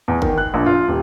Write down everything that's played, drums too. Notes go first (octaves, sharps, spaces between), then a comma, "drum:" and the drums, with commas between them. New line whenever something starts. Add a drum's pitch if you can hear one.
E2
D#3, drum: kick G1
F#6
A#1
F4
D#1